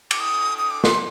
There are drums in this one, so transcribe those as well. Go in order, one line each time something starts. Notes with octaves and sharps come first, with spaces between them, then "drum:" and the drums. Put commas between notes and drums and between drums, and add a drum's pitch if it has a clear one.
D6, drum: cymbal
D#6
D#6
D6
C6, drum: snare